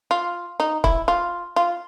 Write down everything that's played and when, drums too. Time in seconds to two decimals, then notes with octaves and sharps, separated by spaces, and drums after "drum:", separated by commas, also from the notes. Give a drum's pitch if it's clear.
0.11 F4
0.60 D#4
0.84 E4, drum: kick C#1
1.08 F4
1.56 F4